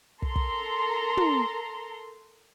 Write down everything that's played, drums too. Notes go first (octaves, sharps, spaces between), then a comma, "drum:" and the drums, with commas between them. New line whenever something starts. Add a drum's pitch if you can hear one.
A4 A#4 A#5 C6, drum: kick
drum: kick
drum: tom